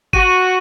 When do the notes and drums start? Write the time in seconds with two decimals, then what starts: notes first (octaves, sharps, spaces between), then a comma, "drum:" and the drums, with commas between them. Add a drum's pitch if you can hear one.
0.13 F#4 D#7, drum: kick G1